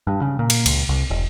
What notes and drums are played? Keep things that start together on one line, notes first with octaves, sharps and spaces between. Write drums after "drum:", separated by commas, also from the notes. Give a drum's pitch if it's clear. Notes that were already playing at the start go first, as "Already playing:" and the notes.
G2
C#3
A#2
drum: cymbal
C#2, drum: cymbal
C2
E1